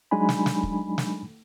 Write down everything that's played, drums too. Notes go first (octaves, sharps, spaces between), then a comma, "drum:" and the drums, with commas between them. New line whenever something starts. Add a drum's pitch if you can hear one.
F#3 G#3 D4 D#4 G#5 B5
drum: snare
drum: snare
drum: kick
drum: snare